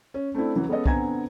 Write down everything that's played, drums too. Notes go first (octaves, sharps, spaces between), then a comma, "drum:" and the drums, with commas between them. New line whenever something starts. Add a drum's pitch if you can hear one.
C#4
A3 C4 D4 E4
C#3 E3 F#3
G#3 B3 C#4 A4 D#5
D3 B3 C4 G#5 A#5 G#6, drum: kick